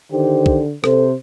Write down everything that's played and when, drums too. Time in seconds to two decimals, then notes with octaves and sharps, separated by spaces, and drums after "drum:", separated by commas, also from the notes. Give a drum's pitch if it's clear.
0.12 D3 D#3 G4 C5
0.46 drum: kick
0.84 C3 A4 C5, drum: rim click